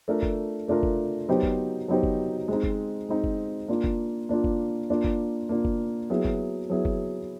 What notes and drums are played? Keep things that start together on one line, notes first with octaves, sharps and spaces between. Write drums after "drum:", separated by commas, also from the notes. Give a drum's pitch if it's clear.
A3 D4 F4 A#4
drum: kick F#1
A3 D4 F4 A#4
drum: kick F#1
F#3 B3 D#4 G4 C5
drum: kick F#1
F#3 B3 D#4 G4 C5
drum: kick F#1
G#3 C4 D#4
drum: kick F#1
G#3 C4 D#4
drum: kick F#1
A#3 D4 F4
drum: kick F#1
A#3 D4 F4
drum: kick F#1
A#3 D4 F4
drum: kick F#1
A#3 D4 F4
drum: kick F#1
F#3 B3 E4 G#4
drum: kick F#1
F#3 B3 E4 G#4
drum: kick F#1